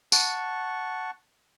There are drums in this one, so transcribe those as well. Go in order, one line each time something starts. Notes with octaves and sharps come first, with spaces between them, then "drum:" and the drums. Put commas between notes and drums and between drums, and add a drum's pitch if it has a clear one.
F#5 A5 C#6, drum: tambourine